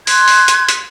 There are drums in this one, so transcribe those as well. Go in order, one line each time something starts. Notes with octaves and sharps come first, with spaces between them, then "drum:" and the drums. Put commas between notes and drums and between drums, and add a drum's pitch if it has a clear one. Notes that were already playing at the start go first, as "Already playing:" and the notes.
C6 F#6 G#6, drum: open hi-hat
drum: open hi-hat
drum: hi-hat
drum: hi-hat